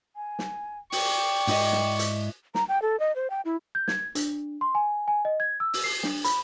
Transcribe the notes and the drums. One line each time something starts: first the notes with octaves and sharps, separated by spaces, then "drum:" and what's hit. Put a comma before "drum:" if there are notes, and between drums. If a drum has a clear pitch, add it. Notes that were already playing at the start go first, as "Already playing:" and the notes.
G#5
drum: snare
D5 G5 C#6, drum: open hi-hat
G#2 E4 D#5, drum: open hi-hat
drum: snare
drum: hi-hat
A#5, drum: snare
G5
A4
D#5
C5
G5
E4
G6
G#6, drum: snare
D4, drum: hi-hat
C6
G#5
G#5
D#5
G#6
E6
drum: open hi-hat
C7
D4, drum: snare
B5, drum: hi-hat